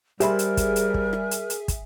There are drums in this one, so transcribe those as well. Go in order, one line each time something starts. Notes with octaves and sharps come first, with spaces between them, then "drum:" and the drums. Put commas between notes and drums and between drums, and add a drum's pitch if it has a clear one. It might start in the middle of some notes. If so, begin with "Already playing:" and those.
G3 G4 G#4 A#4 C5 E5 G#5 B5, drum: hi-hat
drum: hi-hat
drum: kick, hi-hat
drum: hi-hat
drum: kick
drum: rim click
drum: hi-hat
drum: hi-hat
drum: kick, hi-hat